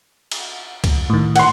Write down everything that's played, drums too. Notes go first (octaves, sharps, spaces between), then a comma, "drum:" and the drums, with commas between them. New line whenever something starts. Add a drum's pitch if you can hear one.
drum: cymbal
drum: kick C2, cymbal
A2 D#3
F#5 C6, drum: cymbal